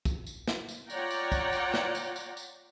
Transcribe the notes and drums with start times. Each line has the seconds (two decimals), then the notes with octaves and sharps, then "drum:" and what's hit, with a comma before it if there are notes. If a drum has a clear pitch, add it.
0.05 drum: kick, tambourine
0.26 drum: tambourine
0.48 drum: snare
0.69 drum: tambourine
0.90 F4 C#5 D5 F#5 G5 A#5, drum: tambourine
1.11 drum: tambourine
1.32 drum: kick, tambourine
1.53 drum: tambourine
1.74 drum: snare
1.95 drum: tambourine
2.16 drum: tambourine
2.37 drum: tambourine